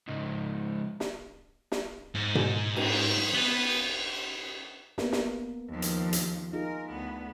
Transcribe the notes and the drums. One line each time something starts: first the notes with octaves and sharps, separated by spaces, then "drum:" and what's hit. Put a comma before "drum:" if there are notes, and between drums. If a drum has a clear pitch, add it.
C#2 G#2
drum: snare
drum: snare
G#2
drum: tom B2
drum: cymbal
B3 B4
A#3 B3, drum: snare
drum: snare
D#2 F3
drum: hi-hat
drum: hi-hat
D#4 F4 G#4 A#4
D2 B3